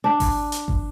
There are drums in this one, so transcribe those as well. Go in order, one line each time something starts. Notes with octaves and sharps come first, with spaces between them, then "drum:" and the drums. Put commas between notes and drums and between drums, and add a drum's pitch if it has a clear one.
D4
drum: kick G#1, open hi-hat
drum: hi-hat
drum: kick G#1